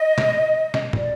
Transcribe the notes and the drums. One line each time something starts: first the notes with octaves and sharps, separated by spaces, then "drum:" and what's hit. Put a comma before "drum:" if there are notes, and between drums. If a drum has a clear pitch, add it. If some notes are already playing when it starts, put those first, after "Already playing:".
Already playing: D#5
drum: snare
drum: snare
D5, drum: tom